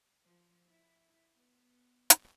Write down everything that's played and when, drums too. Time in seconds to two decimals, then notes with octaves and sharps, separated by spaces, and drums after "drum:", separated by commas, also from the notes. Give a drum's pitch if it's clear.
0.24 F3
0.67 E4
1.36 B3
2.10 drum: hi-hat